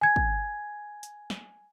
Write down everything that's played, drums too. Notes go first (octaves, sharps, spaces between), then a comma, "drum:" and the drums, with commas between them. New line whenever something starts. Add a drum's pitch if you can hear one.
G#5 G#6
drum: kick
drum: hi-hat
drum: snare